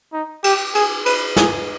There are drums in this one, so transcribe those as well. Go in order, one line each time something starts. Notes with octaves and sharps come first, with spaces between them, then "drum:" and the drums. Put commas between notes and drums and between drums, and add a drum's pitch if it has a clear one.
D#4
G4, drum: cymbal
G#4, drum: cymbal
B4, drum: cymbal
G#4, drum: snare